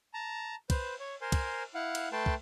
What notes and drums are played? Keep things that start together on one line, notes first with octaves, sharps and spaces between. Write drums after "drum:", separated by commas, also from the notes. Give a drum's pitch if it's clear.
A5 A#5
B4 C5, drum: kick, cymbal
C#5
A#4 C5 G#5 C6
drum: kick, cymbal
E4 F5 F#5
drum: cymbal
A3 B4 G5 A5 C6
drum: kick